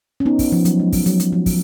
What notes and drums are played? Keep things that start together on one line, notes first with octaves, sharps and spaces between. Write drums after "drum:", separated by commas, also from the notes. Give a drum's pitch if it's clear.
C#4
B3 D#4
drum: kick, open hi-hat
F3
F#3, drum: hi-hat
G#3
F#3, drum: kick, open hi-hat
F#3, drum: hi-hat
F#3, drum: hi-hat
F3
drum: kick, open hi-hat